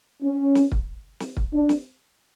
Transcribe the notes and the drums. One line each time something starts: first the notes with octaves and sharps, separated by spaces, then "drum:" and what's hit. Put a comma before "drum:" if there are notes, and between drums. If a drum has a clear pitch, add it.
C#4
drum: snare
drum: kick
drum: snare
drum: kick
D4
drum: snare